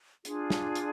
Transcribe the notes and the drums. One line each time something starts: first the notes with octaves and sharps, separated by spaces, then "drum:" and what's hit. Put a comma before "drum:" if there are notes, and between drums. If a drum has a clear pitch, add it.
D4 F4 G#4, drum: hi-hat
drum: snare
drum: hi-hat